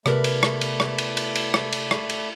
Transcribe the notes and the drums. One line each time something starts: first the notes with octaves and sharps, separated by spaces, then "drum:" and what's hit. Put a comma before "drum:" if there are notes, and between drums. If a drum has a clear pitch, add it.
C3 A3 B3 A#4 B4 D5 B5, drum: rim click
drum: cymbal
drum: rim click
drum: cymbal
drum: rim click
drum: cymbal
drum: cymbal
drum: cymbal
drum: rim click
drum: cymbal
drum: rim click
drum: cymbal